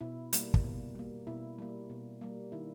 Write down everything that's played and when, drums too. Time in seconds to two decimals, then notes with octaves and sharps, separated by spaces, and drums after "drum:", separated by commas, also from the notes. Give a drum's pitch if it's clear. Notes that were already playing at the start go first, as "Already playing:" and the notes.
0.01 B2 E4
0.33 G3 A#3, drum: hi-hat
0.54 drum: kick
0.64 B2
0.95 G3 A#3
1.27 B2 E4
1.59 G3 A#3
1.90 B2
2.21 G3 A#3
2.52 D#3 E4